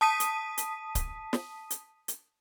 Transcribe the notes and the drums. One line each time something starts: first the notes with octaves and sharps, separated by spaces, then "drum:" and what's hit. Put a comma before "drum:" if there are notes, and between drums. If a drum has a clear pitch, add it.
A5 D#6 B6 D#7
drum: hi-hat
drum: hi-hat
drum: kick C#1, hi-hat
drum: snare
drum: hi-hat
drum: hi-hat